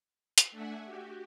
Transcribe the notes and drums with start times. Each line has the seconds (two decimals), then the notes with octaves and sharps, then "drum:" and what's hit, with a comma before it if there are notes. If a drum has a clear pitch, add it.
0.38 drum: hi-hat
0.51 A3 D4 E5 F#5 G#5
0.85 F#4 G4